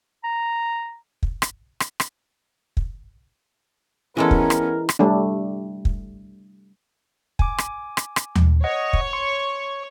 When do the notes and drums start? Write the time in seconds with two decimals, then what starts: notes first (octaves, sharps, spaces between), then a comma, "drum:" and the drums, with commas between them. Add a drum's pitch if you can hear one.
0.24 A#5
1.23 drum: kick
1.42 drum: rim click
1.80 drum: rim click
2.00 drum: rim click
2.77 drum: kick
4.17 E3 G#3 B3 C#4 E4 A4 A#4
4.31 drum: kick
4.50 drum: rim click
4.89 drum: rim click
4.99 G3 A3 D4
5.85 drum: kick
7.39 G#5 D6, drum: kick
7.58 drum: rim click
7.97 drum: rim click
8.16 drum: rim click
8.36 drum: tom D#2
8.64 C#5 D#5 F#5
8.93 drum: kick
9.13 C6 C#6